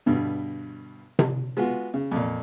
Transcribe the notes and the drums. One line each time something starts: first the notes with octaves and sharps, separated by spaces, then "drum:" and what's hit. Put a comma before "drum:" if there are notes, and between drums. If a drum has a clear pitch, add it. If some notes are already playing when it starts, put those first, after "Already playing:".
G2 B2 D3
drum: tom C3
G#3 B3 F4 F#4
C#3
F2 A#2